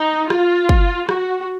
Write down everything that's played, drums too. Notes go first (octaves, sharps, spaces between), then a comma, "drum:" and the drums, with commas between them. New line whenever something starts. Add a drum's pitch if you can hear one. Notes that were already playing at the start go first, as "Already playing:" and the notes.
Already playing: D#4
F4, drum: rim click
drum: kick
F#4, drum: rim click